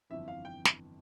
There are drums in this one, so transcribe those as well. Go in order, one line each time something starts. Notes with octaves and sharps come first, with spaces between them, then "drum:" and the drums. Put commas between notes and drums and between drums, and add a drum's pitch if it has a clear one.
G1 F2 E3 E5
F5
G5
drum: snare